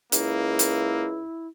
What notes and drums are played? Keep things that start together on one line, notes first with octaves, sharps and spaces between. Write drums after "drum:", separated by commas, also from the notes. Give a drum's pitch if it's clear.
C#2 A#3 E4, drum: hi-hat
drum: hi-hat